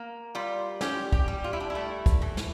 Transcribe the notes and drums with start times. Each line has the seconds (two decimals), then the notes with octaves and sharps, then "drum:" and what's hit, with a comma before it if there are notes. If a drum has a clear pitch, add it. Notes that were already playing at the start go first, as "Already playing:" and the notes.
Already playing: A#3
0.35 G3 F4
0.81 C#4 G4, drum: snare
1.12 G4, drum: kick
1.28 G3
1.44 F4
1.53 E4
1.60 D4
1.70 E4
1.75 A3
2.06 drum: kick, hi-hat
2.22 E3
2.37 drum: snare